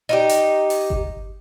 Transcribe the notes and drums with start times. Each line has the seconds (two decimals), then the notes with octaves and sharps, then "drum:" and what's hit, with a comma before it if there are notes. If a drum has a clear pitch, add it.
0.09 D#4 F#4 G4
0.29 drum: hi-hat
0.70 drum: open hi-hat
0.90 drum: kick G1